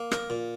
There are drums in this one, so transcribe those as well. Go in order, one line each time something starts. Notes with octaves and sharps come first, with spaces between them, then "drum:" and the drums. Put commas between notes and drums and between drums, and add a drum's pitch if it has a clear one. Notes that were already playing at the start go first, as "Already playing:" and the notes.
Already playing: A#3
A#4, drum: rim click
A#2